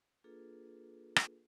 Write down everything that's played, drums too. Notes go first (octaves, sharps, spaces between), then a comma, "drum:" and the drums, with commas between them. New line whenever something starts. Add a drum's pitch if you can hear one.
A#3 D4 F4 G#4 A4 B4
drum: rim click